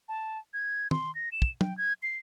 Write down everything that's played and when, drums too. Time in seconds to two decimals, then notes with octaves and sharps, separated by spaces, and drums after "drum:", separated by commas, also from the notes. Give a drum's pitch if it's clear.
0.08 A5
0.54 G#6
0.91 C6, drum: tom
1.15 A#6
1.32 E7
1.42 drum: kick
1.61 G5, drum: tom
1.78 G#6
2.03 C7